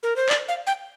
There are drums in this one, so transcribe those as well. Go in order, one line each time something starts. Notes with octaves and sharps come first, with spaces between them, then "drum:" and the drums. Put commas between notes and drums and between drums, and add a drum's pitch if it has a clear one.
A#4
C5
D5, drum: clap
F5
G5